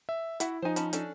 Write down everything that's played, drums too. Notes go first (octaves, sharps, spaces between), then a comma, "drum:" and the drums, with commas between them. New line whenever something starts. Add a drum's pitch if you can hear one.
E5
E4 F#4 E5 F#5, drum: hi-hat
F3 D#4 C5 G#5
C#4 A5 B5, drum: hi-hat
C#4 D4 A4, drum: hi-hat